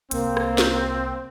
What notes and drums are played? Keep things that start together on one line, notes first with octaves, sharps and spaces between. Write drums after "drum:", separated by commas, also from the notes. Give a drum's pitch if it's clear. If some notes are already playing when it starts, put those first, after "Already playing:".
C2 A#3 C4, drum: hi-hat
drum: rim click
drum: snare